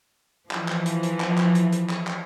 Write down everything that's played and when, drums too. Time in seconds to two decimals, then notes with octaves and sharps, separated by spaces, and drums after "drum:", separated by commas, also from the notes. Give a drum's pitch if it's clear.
0.51 E3 F3, drum: clap
0.68 drum: clap
0.86 drum: hi-hat
1.03 drum: hi-hat
1.20 drum: clap
1.38 drum: clap
1.55 drum: hi-hat
1.72 drum: hi-hat
1.89 drum: clap
2.07 drum: clap